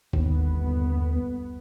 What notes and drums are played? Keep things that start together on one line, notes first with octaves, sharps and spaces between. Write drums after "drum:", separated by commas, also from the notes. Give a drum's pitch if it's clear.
G1 D#2 B3, drum: kick G1